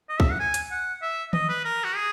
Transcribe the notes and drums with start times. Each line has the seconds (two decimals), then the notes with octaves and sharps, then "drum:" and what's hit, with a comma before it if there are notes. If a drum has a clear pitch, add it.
0.09 D#5
0.20 E5, drum: kick
0.30 F#5
0.40 G#5
0.54 drum: hi-hat
0.71 F#5
1.02 E5
1.33 D#5, drum: tom
1.49 B4
1.65 A#4
1.84 F#4
1.96 G#4